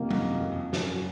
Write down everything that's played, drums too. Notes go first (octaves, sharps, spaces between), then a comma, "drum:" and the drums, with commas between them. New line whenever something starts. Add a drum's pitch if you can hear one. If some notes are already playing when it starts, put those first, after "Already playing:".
Already playing: F2 C3 D#3 A#3
F#2, drum: tom G3
F#2
F2
F#2, drum: snare